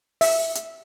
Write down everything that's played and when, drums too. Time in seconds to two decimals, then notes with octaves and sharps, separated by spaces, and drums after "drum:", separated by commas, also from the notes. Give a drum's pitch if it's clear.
0.21 E5, drum: open hi-hat
0.55 drum: hi-hat